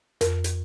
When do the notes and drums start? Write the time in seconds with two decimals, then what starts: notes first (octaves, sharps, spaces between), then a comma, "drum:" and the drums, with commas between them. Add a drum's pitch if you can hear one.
0.21 F2 A#4, drum: hi-hat
0.44 drum: hi-hat